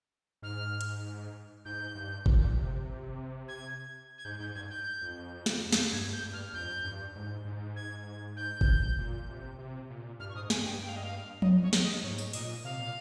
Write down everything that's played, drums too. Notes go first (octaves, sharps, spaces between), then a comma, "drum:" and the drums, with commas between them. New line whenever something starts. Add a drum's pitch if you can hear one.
G#2 F6
drum: hi-hat
G#2 G6
G2
A#2, drum: kick
C3
G#6
G#6
G#2 G6
G#2 G6
G2 G#6
G6
F2
drum: snare
drum: snare
G2 G#6
G6
G2
F6
F2 G6
G2
G#2
G#2
G#6
G6
drum: kick
A#2
C3
C3
A#2
G2 F6
C#6
G#2 D#6
G2 G#5, drum: snare
G2 G5
G5
F5
D#5
F5
F2 D#5, drum: tom F3
C#5
drum: snare
D#5
G#2 C#5
drum: tambourine
A#2 D#5, drum: open hi-hat
C3 F5
A#2